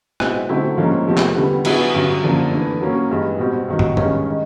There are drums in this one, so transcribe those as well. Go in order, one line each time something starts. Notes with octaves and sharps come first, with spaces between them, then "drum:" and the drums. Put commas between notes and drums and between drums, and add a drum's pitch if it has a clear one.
B2 G#3 C4 E4, drum: rim click
D3 F#3 A3 C4 E4
G#2 F3 A#3 C#4
E2 C3 F3 A3
drum: clap
D3 G3 B3
F#3 B3 E4 G#4, drum: cymbal
G2 D3 F#3
F#2 D3 F3 A#3 D4
E3 A3 D4
F#3 A#3 C#4
G2 E3 G#3
B2 G3 C4
G2 D#3 F#3
drum: tom
G2 D#3 G#3 C#4, drum: tom G#2
D#3 G#3